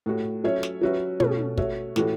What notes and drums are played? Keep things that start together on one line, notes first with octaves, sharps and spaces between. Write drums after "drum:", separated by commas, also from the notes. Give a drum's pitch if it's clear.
A2 A3 F#4
F#3 C#4 A4 C#5 E5
drum: snare
F#3 C#4 F#4 B4 E5
B2 A3 C#4, drum: tom
A3 F#4 C#5 E5, drum: kick
A2 E3 A3 F#4, drum: snare